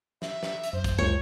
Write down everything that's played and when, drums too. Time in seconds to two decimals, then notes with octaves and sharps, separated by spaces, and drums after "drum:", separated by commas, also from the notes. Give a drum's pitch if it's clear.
0.22 E5, drum: snare
0.43 drum: snare
0.64 drum: hi-hat
0.73 F#2 C5
0.84 drum: kick, hi-hat
0.98 C#2 C#5